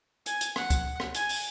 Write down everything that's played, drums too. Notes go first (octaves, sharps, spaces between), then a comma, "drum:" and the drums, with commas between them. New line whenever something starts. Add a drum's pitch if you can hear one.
G#5, drum: hi-hat
drum: hi-hat
F#5, drum: rim click
drum: kick C#2, hi-hat
drum: rim click
G#5, drum: hi-hat
drum: open hi-hat